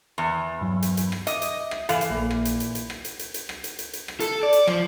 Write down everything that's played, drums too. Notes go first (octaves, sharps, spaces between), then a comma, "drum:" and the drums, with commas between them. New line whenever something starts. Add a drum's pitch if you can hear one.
E2
G2 F#3
drum: hi-hat
drum: hi-hat
drum: rim click
D#5 E5 D6, drum: hi-hat
drum: hi-hat
E5
drum: rim click
E3 A4 F5, drum: hi-hat
drum: hi-hat
A#1 A#2
drum: rim click
drum: hi-hat
drum: hi-hat
drum: hi-hat
drum: rim click
drum: hi-hat
drum: hi-hat
drum: hi-hat
drum: rim click
drum: hi-hat
drum: hi-hat
drum: hi-hat
drum: rim click
A4, drum: hi-hat
D5
drum: hi-hat
F3, drum: rim click